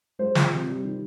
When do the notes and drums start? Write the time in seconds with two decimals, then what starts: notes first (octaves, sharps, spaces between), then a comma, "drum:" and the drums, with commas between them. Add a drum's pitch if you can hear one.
0.19 G#3 C5
0.35 F3, drum: snare
0.52 C3
0.68 G3
0.84 D#3